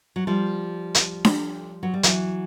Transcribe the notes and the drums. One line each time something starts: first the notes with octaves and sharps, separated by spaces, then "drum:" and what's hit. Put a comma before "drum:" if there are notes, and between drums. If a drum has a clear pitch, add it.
F#3
F3 G3
drum: hi-hat
drum: snare D4
F#3
G3
E3 F#3, drum: hi-hat